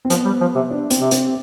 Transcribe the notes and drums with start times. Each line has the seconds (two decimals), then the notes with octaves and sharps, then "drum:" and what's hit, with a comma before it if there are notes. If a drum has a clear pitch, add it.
0.05 C4
0.10 F3 B3, drum: hi-hat
0.25 G3
0.41 F3
0.55 C3
0.70 D4
0.90 C4, drum: hi-hat
1.01 C3
1.11 C4, drum: hi-hat